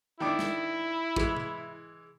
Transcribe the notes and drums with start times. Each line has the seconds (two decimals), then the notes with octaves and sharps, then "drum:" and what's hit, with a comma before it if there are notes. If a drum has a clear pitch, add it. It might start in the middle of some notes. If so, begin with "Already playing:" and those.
0.20 D#3 D4 E4 D6
0.39 drum: snare
1.16 E3 G#3, drum: kick
1.37 drum: tom C3